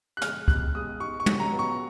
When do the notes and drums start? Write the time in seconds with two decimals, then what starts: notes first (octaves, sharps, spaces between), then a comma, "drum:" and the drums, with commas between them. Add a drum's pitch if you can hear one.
0.17 F#6
0.22 G#3 F6, drum: snare
0.48 G#3 F#6, drum: kick
0.74 G#3 D#6
1.00 G#2 C#6
1.20 C#6
1.26 F#3, drum: tom
1.40 A#5
1.53 B3
1.59 C#6